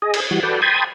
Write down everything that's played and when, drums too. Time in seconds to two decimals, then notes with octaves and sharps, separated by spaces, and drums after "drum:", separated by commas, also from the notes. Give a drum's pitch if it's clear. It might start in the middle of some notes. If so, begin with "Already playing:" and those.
0.02 G#4 D#5
0.14 drum: cymbal
0.31 E3 G3 F#4
0.43 F#4 A4 B4 D5 G5
0.62 G5 A5 B5 C6 D#6 G#6